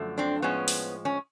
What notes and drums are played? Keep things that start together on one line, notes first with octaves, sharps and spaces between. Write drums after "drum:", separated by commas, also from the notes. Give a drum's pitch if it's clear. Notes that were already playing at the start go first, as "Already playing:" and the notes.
Already playing: F#2 D3 F3 A3
C4 D4
A2 F3 G#3 B3 C#4
drum: open hi-hat
C#4